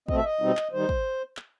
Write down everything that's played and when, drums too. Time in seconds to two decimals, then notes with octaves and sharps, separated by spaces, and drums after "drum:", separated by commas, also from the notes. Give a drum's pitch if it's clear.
0.08 B2 A3 C4 D#5, drum: kick
0.17 E5
0.24 D#5
0.41 B2 G3 C4 D#4
0.57 drum: clap
0.72 D#3 G3 D#4 C5
0.89 drum: kick
1.37 drum: clap